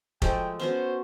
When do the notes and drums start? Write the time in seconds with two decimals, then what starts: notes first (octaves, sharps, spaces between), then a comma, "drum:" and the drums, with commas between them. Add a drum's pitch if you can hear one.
0.22 F3 G#3 A3 G5, drum: kick F1
0.60 B3 C#4 F#4 C5